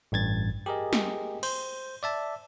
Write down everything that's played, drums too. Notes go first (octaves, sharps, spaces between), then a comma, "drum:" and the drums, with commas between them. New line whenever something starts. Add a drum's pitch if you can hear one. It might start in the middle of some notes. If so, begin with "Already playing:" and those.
A1 G2 G#6 A6
G4 G#4 A#4 D#5
drum: snare
C5 G6, drum: cymbal
D5 E5 A5